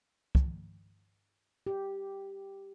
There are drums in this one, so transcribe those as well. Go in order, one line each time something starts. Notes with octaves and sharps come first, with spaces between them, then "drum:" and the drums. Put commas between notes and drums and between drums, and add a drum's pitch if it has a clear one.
drum: kick
G4